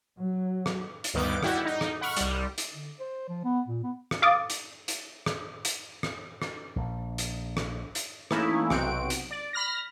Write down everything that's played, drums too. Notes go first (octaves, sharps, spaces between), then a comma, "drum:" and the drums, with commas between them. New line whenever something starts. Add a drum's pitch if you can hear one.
F#3
drum: rim click
drum: hi-hat
D2 G2 D#3 B3 D6 D7
G3 E4 F#4 G4, drum: rim click
D#4
drum: rim click
F#5 B5 C#6 F6
C2 G3, drum: hi-hat
drum: hi-hat
D3
C5
F3
B3
A#2
B3
drum: rim click
F5 D6 D#6 A6
drum: hi-hat
drum: hi-hat
drum: rim click
drum: hi-hat
drum: rim click
drum: rim click
A#1
drum: hi-hat
drum: rim click
drum: hi-hat
E3 A3 A#3 C#4 D#4 E4, drum: rim click
B1 C3 C4 F#4 D7, drum: rim click
drum: hi-hat
D5
B5 F6 A#6